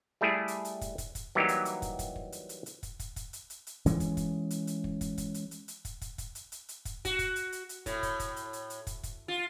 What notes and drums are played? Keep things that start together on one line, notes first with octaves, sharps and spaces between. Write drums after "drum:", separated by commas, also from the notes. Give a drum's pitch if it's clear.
G3 A3 E4 G#4
drum: hi-hat
drum: hi-hat
drum: kick, hi-hat
drum: kick, hi-hat
drum: kick, hi-hat
E3 F#3 G3 A#3 D#4 G4
drum: hi-hat
drum: hi-hat
drum: kick, hi-hat
drum: kick, hi-hat
drum: kick
drum: hi-hat
drum: hi-hat
drum: hi-hat
drum: kick, hi-hat
drum: kick, hi-hat
drum: kick, hi-hat
drum: hi-hat
drum: hi-hat
drum: hi-hat
E3 G#3 C#4, drum: kick, hi-hat
drum: kick, hi-hat
drum: kick, hi-hat
drum: hi-hat
drum: hi-hat
drum: kick
drum: kick, hi-hat
drum: kick, hi-hat
drum: hi-hat
drum: hi-hat
drum: hi-hat
drum: kick, hi-hat
drum: kick, hi-hat
drum: kick, hi-hat
drum: hi-hat
drum: hi-hat
drum: hi-hat
drum: kick, hi-hat
F#4, drum: kick, hi-hat
drum: kick, hi-hat
drum: hi-hat
drum: hi-hat
drum: hi-hat
A2, drum: kick, hi-hat
drum: kick, hi-hat
drum: kick, hi-hat
drum: hi-hat
drum: hi-hat
drum: hi-hat
drum: kick, hi-hat
drum: kick, hi-hat
F4